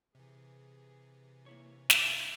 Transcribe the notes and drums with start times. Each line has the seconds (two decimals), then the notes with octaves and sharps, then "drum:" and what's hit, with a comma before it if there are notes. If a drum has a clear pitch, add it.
0.15 C3 E3 G#4
1.46 A#3 E4 C#5
1.90 C2 C#4 E4 F4 E5, drum: snare